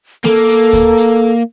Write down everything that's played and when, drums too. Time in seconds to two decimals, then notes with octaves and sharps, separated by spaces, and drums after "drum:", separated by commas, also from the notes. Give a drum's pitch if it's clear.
0.24 A#3 A4, drum: snare A#3
0.49 drum: hi-hat
0.73 drum: kick D2, hi-hat
0.97 drum: hi-hat